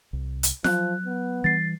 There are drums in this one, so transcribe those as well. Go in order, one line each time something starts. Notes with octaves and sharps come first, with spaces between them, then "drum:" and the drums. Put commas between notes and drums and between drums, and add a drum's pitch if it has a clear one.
C2
drum: hi-hat
F3 F#3 F#6, drum: snare F4
B3
E3 G3 A6 C7